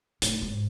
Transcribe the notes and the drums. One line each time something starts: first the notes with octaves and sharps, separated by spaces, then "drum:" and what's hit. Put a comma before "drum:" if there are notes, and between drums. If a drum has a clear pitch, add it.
A2, drum: hi-hat
G#2